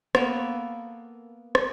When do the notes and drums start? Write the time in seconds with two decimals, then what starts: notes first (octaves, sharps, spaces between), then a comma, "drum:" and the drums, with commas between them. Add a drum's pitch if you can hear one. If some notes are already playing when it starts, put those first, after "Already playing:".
0.15 A#3 B3 A4 A#4, drum: rim click
1.55 drum: rim click